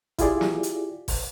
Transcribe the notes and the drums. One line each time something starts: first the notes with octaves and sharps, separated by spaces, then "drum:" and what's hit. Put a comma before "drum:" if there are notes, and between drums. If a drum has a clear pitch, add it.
E4 F4 G4 G#4 D5, drum: kick G1, hi-hat
drum: snare
drum: hi-hat
drum: kick G1, open hi-hat